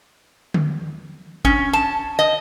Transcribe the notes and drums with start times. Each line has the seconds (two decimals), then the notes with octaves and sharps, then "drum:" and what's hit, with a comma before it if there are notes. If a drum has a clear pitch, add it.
0.54 drum: tom D3
1.45 C#4, drum: kick
1.73 A5
2.19 D#5